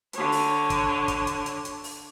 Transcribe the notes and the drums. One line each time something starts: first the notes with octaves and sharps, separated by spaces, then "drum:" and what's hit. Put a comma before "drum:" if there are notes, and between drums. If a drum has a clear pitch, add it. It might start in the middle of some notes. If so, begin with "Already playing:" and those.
D3 C#5, drum: hi-hat
drum: open hi-hat
drum: kick, hi-hat
drum: kick, hi-hat
drum: hi-hat
drum: hi-hat
drum: hi-hat
drum: open hi-hat